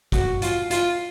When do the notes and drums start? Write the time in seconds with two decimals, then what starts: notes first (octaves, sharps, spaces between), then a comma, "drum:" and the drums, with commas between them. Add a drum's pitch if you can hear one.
0.12 F#4, drum: kick, hi-hat
0.42 F4, drum: hi-hat
0.71 F4, drum: hi-hat